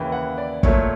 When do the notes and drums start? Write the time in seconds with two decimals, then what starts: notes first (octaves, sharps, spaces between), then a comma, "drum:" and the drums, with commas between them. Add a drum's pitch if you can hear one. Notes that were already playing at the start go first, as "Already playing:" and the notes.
Already playing: D#2 C#3 E3 G5
0.12 F#5
0.38 D5
0.63 A#2 F#3 A3 C#5, drum: kick